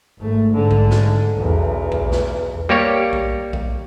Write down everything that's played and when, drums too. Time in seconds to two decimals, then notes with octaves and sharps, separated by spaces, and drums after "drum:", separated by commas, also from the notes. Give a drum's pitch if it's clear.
0.18 G#1 A3
0.51 G#2 D3
0.71 drum: kick A#1
0.91 drum: snare
1.34 B1 E2
1.92 drum: kick A#1
2.12 drum: snare
2.69 G3 A#3 G4 C#5
3.13 drum: kick A#1
3.53 drum: kick A#1